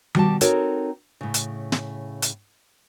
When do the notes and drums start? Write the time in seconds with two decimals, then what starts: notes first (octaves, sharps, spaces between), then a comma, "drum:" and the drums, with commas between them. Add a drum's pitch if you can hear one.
0.15 B2 G3 F#4 G4 A5, drum: tom D#3
0.41 C4 D#4 F#4 A4 A#4 C#5, drum: hi-hat
1.21 A2 C#3
1.34 drum: hi-hat
1.72 drum: snare
2.22 drum: hi-hat